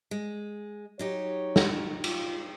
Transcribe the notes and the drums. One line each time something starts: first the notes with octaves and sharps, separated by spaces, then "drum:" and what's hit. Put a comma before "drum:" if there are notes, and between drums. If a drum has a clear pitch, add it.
G#3
F#3 D#4 G4 C#5
drum: snare
F4, drum: cymbal